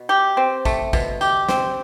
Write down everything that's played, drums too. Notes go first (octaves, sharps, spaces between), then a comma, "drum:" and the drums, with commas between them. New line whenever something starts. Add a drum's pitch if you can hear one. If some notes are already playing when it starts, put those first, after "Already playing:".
Already playing: B2
G4
C4
A3, drum: kick, tambourine
B2, drum: kick, tambourine
G4, drum: tambourine
C4, drum: snare